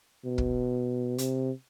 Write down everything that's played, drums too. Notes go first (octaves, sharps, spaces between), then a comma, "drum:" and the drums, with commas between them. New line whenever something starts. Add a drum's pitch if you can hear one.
B2
drum: kick
C3, drum: hi-hat